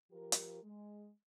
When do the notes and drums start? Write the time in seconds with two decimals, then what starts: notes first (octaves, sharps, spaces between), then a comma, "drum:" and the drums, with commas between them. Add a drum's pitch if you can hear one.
0.11 F3 G4 A#4
0.32 drum: hi-hat
0.63 G#3